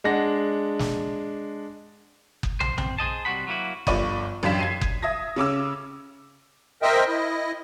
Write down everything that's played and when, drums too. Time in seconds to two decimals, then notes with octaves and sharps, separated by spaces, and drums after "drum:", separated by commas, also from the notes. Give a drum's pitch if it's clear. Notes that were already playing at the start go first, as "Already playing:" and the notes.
0.04 G#3 D4 F#5 A#6
0.79 drum: snare
2.43 drum: kick F#1
2.60 C5, drum: tom
2.78 C4, drum: tom
2.98 G#4 C5 D#5 A5
3.25 C3 G3 F#4 C5 F#5 B5
3.47 F#3 A#3 E4 F#4
3.87 G1 F3 D5 B5 C#6 D#7, drum: kick F#1
4.43 A1 F#2 D4 F5 B6 E7
4.58 G#6 C7 D#7
4.81 drum: kick F#1
5.03 E5 D#6 G#6 A#6
5.36 C#3 C#4 D6 E6
6.82 A#4 C5 D#5 E5 G5
7.07 E4 D#5